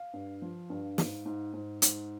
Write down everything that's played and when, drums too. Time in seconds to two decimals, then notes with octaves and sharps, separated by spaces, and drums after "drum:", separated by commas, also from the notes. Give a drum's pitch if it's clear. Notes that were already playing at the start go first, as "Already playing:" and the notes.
Already playing: F5
0.14 G2
0.42 F3
0.70 G2
0.98 G#2, drum: snare
1.26 G#2
1.54 G#2
1.82 G#2, drum: hi-hat